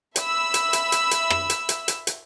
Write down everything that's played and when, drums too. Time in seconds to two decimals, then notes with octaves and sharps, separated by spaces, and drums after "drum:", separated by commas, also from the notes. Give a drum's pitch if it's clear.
0.16 E5 B5 E6, drum: hi-hat
0.54 drum: hi-hat
0.73 drum: hi-hat
0.92 drum: hi-hat
1.11 drum: hi-hat
1.30 drum: rim click
1.50 drum: hi-hat
1.69 drum: hi-hat
1.88 drum: hi-hat
2.07 drum: hi-hat